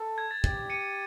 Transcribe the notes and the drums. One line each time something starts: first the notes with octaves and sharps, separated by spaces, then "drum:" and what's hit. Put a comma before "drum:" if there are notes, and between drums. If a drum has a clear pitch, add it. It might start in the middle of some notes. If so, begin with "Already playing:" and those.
Already playing: A4
G#6
A6
G4 A6, drum: kick
C#7 D#7